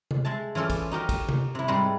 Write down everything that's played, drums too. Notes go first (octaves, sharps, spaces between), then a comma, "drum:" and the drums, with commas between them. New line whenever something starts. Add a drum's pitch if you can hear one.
drum: tom C3
G#3 E5 A5
E3 C#4 F4 A4 D5
drum: kick, cymbal
D#4 F#4 G4 A#4
drum: kick, cymbal
drum: tom C3
C3 E4
G#2 G3 G#3 C4 B4